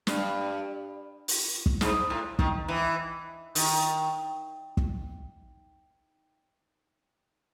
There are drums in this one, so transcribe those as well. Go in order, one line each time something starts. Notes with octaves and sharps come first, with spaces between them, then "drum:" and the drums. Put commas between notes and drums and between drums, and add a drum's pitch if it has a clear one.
G2, drum: snare
drum: open hi-hat
drum: kick
G#2, drum: snare
A2
D#3, drum: kick
E3
D#3, drum: open hi-hat
drum: kick